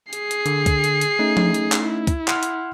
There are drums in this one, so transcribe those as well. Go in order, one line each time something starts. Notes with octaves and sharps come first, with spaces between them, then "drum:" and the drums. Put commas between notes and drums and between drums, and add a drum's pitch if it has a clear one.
G#4 C7, drum: hi-hat
drum: hi-hat
D3, drum: hi-hat
drum: kick, hi-hat
drum: hi-hat
drum: hi-hat
A3 C#4 D#4
drum: tom F3
drum: hi-hat
drum: clap
E4
drum: kick, hi-hat
F#5 C6 F6, drum: clap
drum: hi-hat